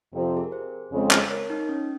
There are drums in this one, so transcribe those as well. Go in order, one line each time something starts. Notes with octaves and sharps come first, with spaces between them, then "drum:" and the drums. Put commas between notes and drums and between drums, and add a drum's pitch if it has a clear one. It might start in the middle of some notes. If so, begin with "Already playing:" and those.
F2 C3 F3 C4
G4
G#4
A#4
G#4 C5
F2 C#3 G#3 C4
drum: clap
A#4 C#5
D#4
C#4